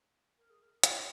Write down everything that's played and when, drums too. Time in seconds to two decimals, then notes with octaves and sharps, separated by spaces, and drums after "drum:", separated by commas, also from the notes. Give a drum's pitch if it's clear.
0.38 A#4
0.50 G#4
0.62 A#4
0.83 A#4, drum: hi-hat